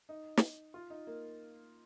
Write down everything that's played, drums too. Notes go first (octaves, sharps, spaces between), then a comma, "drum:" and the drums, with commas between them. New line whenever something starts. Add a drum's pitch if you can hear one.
D#4
drum: snare
F4
D#4
A#3